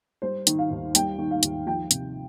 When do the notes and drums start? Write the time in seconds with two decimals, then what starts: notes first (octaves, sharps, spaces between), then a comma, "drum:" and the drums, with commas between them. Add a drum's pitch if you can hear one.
0.22 G3 C5
0.47 D#3, drum: hi-hat
0.59 F5
0.71 D#2
0.95 G3 G5, drum: hi-hat
1.18 D#3
1.31 F5
1.43 D#2, drum: hi-hat
1.66 F3 G5
1.91 C3, drum: hi-hat